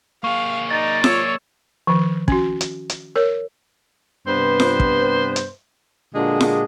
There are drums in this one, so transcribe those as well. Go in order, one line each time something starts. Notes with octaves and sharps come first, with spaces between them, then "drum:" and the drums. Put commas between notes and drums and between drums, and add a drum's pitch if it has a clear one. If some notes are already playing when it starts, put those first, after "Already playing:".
A#3 G#4 F5 C#6
D#4 D5 A6
C#5 E6 E7, drum: snare F4
D#3 F3
C#4 F#4, drum: kick
drum: hi-hat
drum: hi-hat
A#4 C#5
G2 C3 B3 B4 C5
drum: snare F4
drum: kick
drum: hi-hat
A#2 D3 G#3 D4 F#4 G#4
drum: snare F4